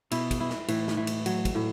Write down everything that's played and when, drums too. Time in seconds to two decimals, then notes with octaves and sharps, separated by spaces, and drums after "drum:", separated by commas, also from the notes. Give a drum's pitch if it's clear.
0.11 B2 E4, drum: cymbal
0.31 drum: kick, cymbal
0.40 E4
0.50 drum: snare
0.68 A2 E3, drum: cymbal
0.88 drum: snare
0.97 E3
1.07 drum: cymbal
1.26 F#3, drum: cymbal
1.45 drum: kick, cymbal
1.55 A2